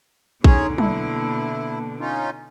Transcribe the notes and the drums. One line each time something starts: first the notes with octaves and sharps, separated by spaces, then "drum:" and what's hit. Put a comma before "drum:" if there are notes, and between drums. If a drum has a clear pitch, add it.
B2 D3 C#4 D#4 G#4 C#5 A#5 C6, drum: kick A#1
A#3 E4 A5, drum: tom
C#4 D#4 F4